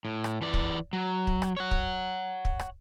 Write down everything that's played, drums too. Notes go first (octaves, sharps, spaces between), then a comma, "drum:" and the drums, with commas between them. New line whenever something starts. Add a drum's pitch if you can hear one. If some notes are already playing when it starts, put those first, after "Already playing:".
A2
drum: rim click
E3 D5
drum: kick
F#3
drum: kick
drum: rim click
C#5 F#5
drum: kick
drum: kick
drum: rim click